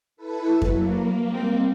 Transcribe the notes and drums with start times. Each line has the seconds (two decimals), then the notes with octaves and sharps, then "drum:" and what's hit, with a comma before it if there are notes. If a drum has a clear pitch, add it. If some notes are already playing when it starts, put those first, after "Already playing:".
0.17 E4 A4 B4
0.62 F#3 A#3, drum: kick F2
1.31 G3 G#3 C4